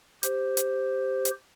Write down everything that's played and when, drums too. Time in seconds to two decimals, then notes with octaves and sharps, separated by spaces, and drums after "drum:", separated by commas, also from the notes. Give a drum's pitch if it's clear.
0.23 G4 C5, drum: hi-hat
0.57 drum: hi-hat
1.25 drum: hi-hat